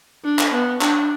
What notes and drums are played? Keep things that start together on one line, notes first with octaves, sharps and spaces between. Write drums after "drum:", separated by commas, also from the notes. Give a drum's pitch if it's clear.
D4
drum: clap
B3
D4, drum: clap